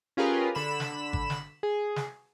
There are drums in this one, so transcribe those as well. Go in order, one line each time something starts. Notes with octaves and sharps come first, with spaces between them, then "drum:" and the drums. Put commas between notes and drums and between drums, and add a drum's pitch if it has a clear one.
C#4 F4 G4 G#4 A#4 B4
D3 B5 E7
drum: snare
drum: kick
drum: snare
G#4
drum: snare